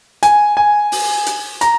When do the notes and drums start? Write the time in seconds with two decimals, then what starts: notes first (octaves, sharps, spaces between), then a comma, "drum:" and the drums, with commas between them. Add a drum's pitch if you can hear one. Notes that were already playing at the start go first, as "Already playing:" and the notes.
0.23 G#5, drum: hi-hat
0.57 G#5
0.92 drum: open hi-hat
1.26 drum: hi-hat
1.61 A#5, drum: hi-hat